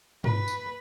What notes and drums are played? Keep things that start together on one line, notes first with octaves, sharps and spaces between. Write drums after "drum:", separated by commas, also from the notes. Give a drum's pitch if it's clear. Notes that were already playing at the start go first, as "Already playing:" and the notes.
B4, drum: tom
drum: tambourine